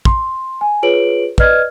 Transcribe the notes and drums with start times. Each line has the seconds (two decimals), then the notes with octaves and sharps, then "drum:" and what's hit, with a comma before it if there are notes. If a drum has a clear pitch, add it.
0.05 C6, drum: kick
0.61 G#5
0.83 F4 G#4 B4 C#5 D7 F#7
1.38 B4 D5 D#5 F6 G#6, drum: kick